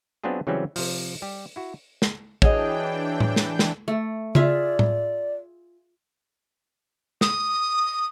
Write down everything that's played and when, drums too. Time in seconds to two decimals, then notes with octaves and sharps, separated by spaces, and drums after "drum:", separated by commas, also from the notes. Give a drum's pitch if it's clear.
0.24 F#3 B3 C4 D4 F4 G#4
0.47 C#3 E3 F#3 G3 C4 C#4
0.76 C3 F3, drum: open hi-hat
1.22 G3 G4
1.56 E4 F#4
2.02 drum: snare
2.42 E3 D4 F#4 G#4 C#5 D#5 G5, drum: kick
3.20 drum: tom A2
3.36 drum: snare
3.59 drum: snare
3.88 A3
4.35 F4 G#4 D5 E5, drum: tom
4.79 drum: tom A2
7.21 D#6, drum: snare